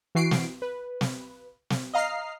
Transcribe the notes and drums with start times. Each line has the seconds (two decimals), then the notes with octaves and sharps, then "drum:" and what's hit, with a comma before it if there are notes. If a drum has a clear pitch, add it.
0.15 E3 F#4 C7 D7
0.31 drum: snare
0.62 B4
1.01 drum: snare
1.70 drum: snare
1.94 D#5 F5 A#5 F6 C7